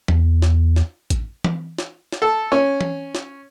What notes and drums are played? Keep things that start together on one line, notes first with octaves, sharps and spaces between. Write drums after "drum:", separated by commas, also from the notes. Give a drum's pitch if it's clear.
E2, drum: tom E3
drum: snare
drum: snare
drum: kick, hi-hat
drum: tom E3
drum: snare
drum: snare
A4
C#4
drum: tom E3
drum: snare